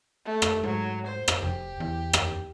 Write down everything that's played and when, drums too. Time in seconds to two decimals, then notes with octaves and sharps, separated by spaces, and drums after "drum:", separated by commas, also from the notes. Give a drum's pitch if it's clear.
0.25 A3
0.42 drum: rim click
0.64 G#2 F#3
1.06 C5
1.28 drum: rim click
1.43 F1 G4
1.80 E2
2.13 drum: rim click